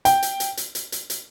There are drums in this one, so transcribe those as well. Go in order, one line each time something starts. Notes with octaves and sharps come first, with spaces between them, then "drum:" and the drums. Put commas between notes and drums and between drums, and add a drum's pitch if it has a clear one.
G5, drum: hi-hat
drum: hi-hat
drum: hi-hat
drum: hi-hat
drum: hi-hat
drum: hi-hat
drum: hi-hat